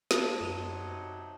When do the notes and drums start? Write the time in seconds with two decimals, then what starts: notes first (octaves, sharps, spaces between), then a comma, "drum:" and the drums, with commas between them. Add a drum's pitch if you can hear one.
0.11 A5, drum: snare
0.41 F#2 C3 F#3 D#4 E7 F7 G7